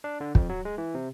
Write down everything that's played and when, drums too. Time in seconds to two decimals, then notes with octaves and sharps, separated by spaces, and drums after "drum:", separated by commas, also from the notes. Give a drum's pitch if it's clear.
0.04 D4
0.20 D3
0.35 F2, drum: kick
0.49 F#3
0.65 G#3
0.78 E3
0.94 C3